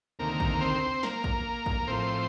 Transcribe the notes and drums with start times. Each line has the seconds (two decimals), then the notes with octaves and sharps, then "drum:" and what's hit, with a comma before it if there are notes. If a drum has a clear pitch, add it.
0.19 D2 C3 D#3 A#3 A#4
0.40 drum: kick
0.61 C4 C5
1.03 A#3 A#4, drum: snare
1.24 drum: kick
1.66 drum: kick
1.87 A2 F3 C4 C5